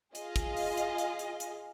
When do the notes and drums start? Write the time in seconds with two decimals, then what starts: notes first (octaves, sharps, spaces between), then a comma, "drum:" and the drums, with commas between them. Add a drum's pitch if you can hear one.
0.15 F4 G#4 D#5 F5, drum: hi-hat
0.36 drum: kick, hi-hat
0.57 drum: open hi-hat
0.77 drum: hi-hat
0.98 drum: hi-hat
1.19 drum: hi-hat
1.40 drum: hi-hat